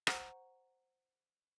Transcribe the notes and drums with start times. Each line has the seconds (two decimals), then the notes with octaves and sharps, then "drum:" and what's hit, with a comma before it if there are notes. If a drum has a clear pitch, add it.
0.07 C5 F#5 A#5 C#6, drum: rim click